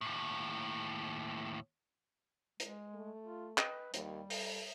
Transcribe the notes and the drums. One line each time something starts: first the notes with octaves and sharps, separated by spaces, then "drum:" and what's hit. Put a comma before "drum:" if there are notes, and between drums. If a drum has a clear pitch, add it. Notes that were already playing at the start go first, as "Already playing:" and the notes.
D#2 A2
G#3, drum: hi-hat
A3
F4
B4 D#5 G5, drum: clap
D#2 G3, drum: hi-hat
A4, drum: open hi-hat